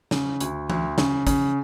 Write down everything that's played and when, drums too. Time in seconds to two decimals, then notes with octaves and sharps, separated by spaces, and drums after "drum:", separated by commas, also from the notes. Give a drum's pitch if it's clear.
0.11 C#3, drum: snare
0.41 D2, drum: hi-hat
0.70 D2, drum: tom E3
0.98 C#3, drum: snare
1.27 C#3, drum: kick, hi-hat